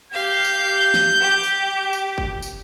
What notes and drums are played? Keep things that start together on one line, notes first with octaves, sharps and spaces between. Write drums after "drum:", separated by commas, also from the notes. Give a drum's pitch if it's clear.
G4 F5 G6
drum: tambourine
drum: snare
G4
drum: tambourine
drum: tambourine
drum: kick
drum: tambourine